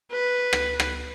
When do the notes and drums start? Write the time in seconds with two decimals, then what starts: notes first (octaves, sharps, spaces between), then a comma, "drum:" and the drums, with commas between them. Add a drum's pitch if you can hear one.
0.12 B4
0.53 drum: rim click
0.80 drum: rim click